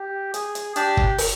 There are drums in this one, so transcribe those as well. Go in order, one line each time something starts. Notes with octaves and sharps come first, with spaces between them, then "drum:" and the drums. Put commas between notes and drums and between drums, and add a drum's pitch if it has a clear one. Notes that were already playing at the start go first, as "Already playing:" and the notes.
Already playing: G4
G#4, drum: hi-hat
drum: hi-hat
D4 G4, drum: hi-hat
drum: kick
drum: open hi-hat